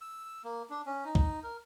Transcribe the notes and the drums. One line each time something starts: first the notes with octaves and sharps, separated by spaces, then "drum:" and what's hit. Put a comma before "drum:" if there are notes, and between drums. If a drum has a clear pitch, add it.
E6
A#3
D4
C#4
D#4
drum: kick
A#4